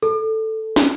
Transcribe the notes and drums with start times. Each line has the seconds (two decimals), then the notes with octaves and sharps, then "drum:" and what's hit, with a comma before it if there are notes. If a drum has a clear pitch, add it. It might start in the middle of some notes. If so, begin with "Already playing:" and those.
0.03 A4, drum: tambourine
0.76 drum: snare